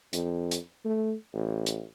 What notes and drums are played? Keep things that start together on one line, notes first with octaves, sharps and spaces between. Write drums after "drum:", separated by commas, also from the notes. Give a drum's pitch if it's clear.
F2, drum: hi-hat
drum: hi-hat
A3
A1
drum: hi-hat